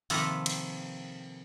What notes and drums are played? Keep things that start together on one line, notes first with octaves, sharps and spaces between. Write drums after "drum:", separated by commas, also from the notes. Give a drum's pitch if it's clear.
C3 D#3 F3 A#3 A4 B4, drum: open hi-hat
drum: cymbal